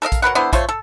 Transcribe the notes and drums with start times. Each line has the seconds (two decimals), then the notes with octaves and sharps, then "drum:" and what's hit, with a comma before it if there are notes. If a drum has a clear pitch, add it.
0.02 A4 A#4 D#5 F5
0.12 drum: kick A#1, hi-hat
0.22 F#3 A#4 B4 F#5
0.35 D3 B3 E4 C5
0.53 A3 F4 C5 C#5, drum: kick A#1, hi-hat
0.69 A4